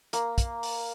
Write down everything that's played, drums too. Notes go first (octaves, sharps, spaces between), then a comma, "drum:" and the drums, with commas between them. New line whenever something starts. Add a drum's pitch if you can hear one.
A#3, drum: hi-hat
drum: kick, hi-hat
drum: open hi-hat